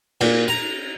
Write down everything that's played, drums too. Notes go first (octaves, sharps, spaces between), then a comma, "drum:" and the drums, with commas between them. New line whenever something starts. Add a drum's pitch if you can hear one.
A#2, drum: cymbal
A#5